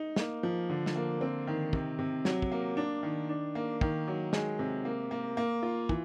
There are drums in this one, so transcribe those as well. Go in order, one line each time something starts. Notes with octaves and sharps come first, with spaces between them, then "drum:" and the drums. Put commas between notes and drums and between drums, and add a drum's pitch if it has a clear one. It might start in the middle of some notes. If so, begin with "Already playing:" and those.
Already playing: D#4
A#3, drum: snare
F3
D3
drum: snare
A#3
C4
D#3
C3, drum: kick
C3
F#3, drum: snare
drum: kick
A#3
D4
D#3
D4
A#3
D#3, drum: kick
F#3
G#3, drum: snare
C3
A#3
A#3
A#3
F4
E3, drum: kick